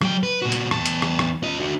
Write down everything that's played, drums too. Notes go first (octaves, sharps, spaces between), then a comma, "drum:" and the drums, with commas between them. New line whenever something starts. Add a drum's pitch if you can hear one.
F#3 G5, drum: rim click
B4
A#2 F#4
drum: hi-hat
E2 A5, drum: rim click
drum: hi-hat
drum: rim click
drum: rim click
F4 D#5
D4 F#4